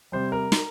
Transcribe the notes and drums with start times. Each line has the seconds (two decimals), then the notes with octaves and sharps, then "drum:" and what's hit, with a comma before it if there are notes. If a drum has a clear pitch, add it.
0.12 C3 G3 C5
0.32 A#4
0.52 drum: snare